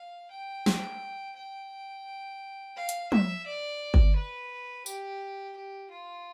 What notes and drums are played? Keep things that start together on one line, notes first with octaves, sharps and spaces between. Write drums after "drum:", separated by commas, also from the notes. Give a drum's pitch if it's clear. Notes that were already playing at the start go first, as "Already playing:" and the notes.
Already playing: F5
G5
drum: snare
G5
F5
drum: hi-hat
E5, drum: tom
D5
drum: kick G1
B4
G4, drum: tambourine
G4
F4